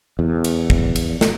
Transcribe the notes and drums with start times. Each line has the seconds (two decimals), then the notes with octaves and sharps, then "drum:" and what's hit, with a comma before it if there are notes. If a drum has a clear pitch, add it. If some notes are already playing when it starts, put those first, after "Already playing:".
0.19 E2
0.44 drum: cymbal
0.70 drum: kick
0.96 drum: cymbal
1.21 drum: snare